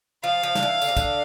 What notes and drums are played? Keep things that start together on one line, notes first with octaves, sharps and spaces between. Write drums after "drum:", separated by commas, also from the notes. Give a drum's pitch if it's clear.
F3 F5
F3
D3, drum: snare
E3
D3, drum: tambourine
C3
D3, drum: kick, tambourine